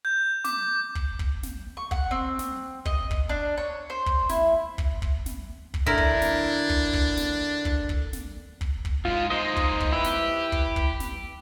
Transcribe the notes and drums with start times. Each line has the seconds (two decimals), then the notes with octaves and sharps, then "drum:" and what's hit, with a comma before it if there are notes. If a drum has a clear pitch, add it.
0.05 G6
0.44 D6, drum: snare
0.95 drum: kick
1.19 drum: kick
1.43 drum: snare
1.77 C#6
1.91 F#5, drum: kick
2.11 C4
2.39 drum: snare
2.85 D#5, drum: kick
3.11 drum: kick
3.29 D4
3.57 C#5
3.90 C5
4.06 drum: kick
4.29 E4, drum: snare
4.78 drum: kick
5.02 drum: kick
5.26 drum: snare
5.74 drum: kick
5.86 D3 D4 E4 A#4
5.98 drum: kick
6.22 drum: snare
6.69 drum: kick
6.93 drum: kick
7.17 drum: snare
7.65 drum: kick
7.89 drum: kick
8.13 drum: snare
8.61 drum: kick
8.85 drum: kick
9.05 G#2 G#3 F4
9.30 G#3 A#3 D#4 C5 D#5
9.56 drum: kick
9.80 drum: kick
9.92 E4 G4 B4
10.04 drum: snare
10.52 drum: kick
10.76 drum: kick
11.00 drum: snare